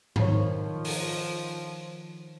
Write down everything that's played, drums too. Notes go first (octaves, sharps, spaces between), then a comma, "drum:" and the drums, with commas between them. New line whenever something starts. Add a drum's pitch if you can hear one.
D#3 F3 C#5, drum: tom G#2
drum: open hi-hat